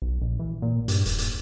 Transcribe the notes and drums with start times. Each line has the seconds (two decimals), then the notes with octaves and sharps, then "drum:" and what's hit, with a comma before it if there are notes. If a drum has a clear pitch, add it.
0.02 B1
0.21 A#1
0.39 E3
0.62 A#2
0.88 G2, drum: hi-hat
1.06 D#1, drum: hi-hat
1.18 drum: hi-hat